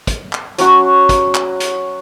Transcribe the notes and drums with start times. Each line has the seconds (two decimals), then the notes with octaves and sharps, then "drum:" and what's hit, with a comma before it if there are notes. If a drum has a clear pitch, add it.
0.07 drum: kick, hi-hat
0.33 drum: clap
0.58 F#3 C#4 F#4, drum: hi-hat
1.09 drum: kick, hi-hat
1.35 drum: clap
1.60 drum: hi-hat